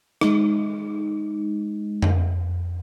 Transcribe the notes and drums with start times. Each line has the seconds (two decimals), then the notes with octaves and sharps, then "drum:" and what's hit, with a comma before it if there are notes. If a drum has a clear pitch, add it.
0.21 G#3 D#4, drum: rim click
2.02 drum: tom F2